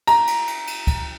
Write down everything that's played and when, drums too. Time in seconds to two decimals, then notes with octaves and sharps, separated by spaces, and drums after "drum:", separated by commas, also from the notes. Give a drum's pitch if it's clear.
0.07 A#5, drum: cymbal
0.27 drum: cymbal
0.47 drum: cymbal
0.67 drum: cymbal
0.87 drum: kick C#2, cymbal